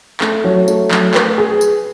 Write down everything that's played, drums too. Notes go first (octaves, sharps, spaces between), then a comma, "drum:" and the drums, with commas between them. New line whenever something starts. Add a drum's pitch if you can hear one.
A3, drum: clap
F#3
A3, drum: tambourine
F#3, drum: clap
B4, drum: clap
G#4
drum: tambourine